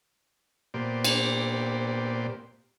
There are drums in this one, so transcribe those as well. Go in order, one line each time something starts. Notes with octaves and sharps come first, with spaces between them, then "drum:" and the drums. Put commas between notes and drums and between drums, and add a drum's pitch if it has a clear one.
A#2 A#3 B3 G4 C5 D5
drum: cymbal